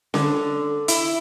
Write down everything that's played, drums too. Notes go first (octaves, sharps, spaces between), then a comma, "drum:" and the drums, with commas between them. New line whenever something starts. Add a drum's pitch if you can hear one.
D3, drum: snare C#4
E4, drum: hi-hat